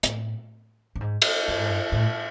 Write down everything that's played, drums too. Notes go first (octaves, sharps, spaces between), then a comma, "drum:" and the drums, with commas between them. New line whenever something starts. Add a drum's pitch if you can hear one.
A2, drum: hi-hat
G2
G#2
drum: cymbal
G2
G#2
G2
G#2
A2